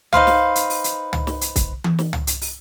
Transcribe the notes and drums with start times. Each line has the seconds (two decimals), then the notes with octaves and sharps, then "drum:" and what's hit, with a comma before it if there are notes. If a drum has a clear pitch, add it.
0.13 D#4 B4 C5 F5, drum: tom
0.27 drum: snare
0.55 drum: hi-hat
0.70 drum: open hi-hat
0.84 drum: hi-hat
1.13 drum: tom
1.27 drum: snare
1.41 drum: hi-hat
1.56 drum: kick, hi-hat
1.84 drum: tom E3
1.99 drum: snare
2.13 drum: tom
2.27 drum: hi-hat
2.41 drum: open hi-hat